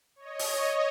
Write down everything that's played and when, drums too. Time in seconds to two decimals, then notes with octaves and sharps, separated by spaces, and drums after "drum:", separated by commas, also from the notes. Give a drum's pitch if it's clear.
0.16 C#5 D#5
0.39 drum: open hi-hat